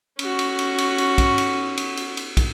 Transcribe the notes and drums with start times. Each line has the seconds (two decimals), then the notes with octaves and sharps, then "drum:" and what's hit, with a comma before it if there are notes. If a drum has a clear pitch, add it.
0.19 C#4 F#4, drum: cymbal
0.39 drum: cymbal
0.59 drum: cymbal
0.78 drum: cymbal
0.98 drum: cymbal
1.18 drum: kick, cymbal
1.38 drum: cymbal
1.77 drum: cymbal
1.97 drum: cymbal
2.17 drum: cymbal
2.37 drum: kick, cymbal